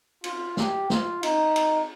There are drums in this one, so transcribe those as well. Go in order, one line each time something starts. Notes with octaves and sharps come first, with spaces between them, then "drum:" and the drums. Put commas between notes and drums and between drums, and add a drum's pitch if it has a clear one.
F4, drum: cymbal
G4, drum: snare
F4, drum: snare
D#4, drum: cymbal
drum: cymbal